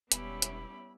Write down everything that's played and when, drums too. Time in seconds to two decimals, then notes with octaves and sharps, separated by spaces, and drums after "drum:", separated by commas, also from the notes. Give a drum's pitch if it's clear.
0.12 E1 G3 B3 C#4 E4 G4 B5, drum: hi-hat
0.42 drum: hi-hat